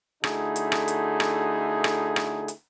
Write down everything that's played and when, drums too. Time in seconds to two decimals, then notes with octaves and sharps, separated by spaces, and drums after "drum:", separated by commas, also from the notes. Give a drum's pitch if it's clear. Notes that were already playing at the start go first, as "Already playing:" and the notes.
0.24 D3 A3 D#4 E4 F#4 G#4, drum: rim click
0.56 drum: hi-hat
0.72 drum: rim click
0.88 drum: hi-hat
1.20 drum: rim click
1.84 drum: rim click
2.16 drum: rim click
2.48 drum: hi-hat